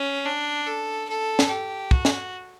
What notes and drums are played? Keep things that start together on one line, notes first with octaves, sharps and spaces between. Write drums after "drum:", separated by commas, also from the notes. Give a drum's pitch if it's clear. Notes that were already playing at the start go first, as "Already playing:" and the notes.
Already playing: C#4
D4
A4
A4
drum: snare
G4
F#4, drum: kick
drum: snare